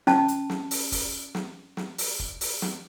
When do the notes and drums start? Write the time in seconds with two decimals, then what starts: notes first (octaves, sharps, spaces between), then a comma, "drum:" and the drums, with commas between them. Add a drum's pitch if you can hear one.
0.07 C#4 A5, drum: snare
0.28 drum: hi-hat
0.50 drum: snare
0.71 drum: open hi-hat
0.92 drum: kick, open hi-hat
1.35 drum: snare
1.77 drum: snare
1.98 drum: open hi-hat
2.20 drum: kick
2.41 drum: open hi-hat
2.62 drum: snare